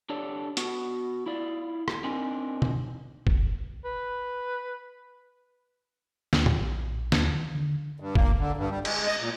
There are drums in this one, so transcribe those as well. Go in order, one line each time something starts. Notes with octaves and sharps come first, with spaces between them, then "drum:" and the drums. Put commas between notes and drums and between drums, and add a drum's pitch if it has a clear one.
D4 G4 A4 C#5 D5
B3 F#4, drum: hi-hat
E4 F4 D5
drum: rim click
C4 D4 D#4 A#4 G#5
drum: tom
drum: kick
B4
D#2, drum: snare
drum: tom A2
A#1
D#2, drum: snare
D#3
D3
G2
A#3, drum: kick
D3
G2
G3
G#3, drum: cymbal
D#5
A#2